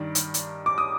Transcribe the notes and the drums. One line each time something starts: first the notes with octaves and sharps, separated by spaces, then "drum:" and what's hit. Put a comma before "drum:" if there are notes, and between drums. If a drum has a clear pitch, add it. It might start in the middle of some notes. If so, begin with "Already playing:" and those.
Already playing: G2 D#3 D5
drum: hi-hat
drum: hi-hat
D6
D#6